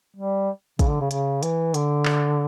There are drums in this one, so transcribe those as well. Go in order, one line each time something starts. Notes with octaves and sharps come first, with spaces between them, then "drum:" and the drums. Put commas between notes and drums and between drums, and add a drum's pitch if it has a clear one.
G3
C#3, drum: kick, hi-hat
D3
C#3
C#3, drum: hi-hat
E3, drum: hi-hat
D3, drum: hi-hat
drum: clap